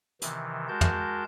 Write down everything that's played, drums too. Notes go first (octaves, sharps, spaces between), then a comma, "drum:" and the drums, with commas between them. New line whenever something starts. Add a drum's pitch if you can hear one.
C3 D#3 E3, drum: hi-hat
G#3 F#4 A#4 A5 G6
drum: tom